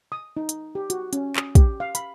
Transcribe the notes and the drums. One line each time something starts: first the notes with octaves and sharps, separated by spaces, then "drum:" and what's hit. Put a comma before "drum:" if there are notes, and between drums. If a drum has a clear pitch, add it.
D#6
D#4
drum: hi-hat
G4
F#4, drum: hi-hat
C#4, drum: hi-hat
D#6, drum: clap
G4, drum: kick, hi-hat
F5
B5, drum: hi-hat